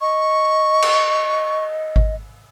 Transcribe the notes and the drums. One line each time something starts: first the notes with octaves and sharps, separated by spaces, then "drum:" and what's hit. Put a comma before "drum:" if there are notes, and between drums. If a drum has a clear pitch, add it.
D#5 C#6
drum: cymbal
drum: kick G#1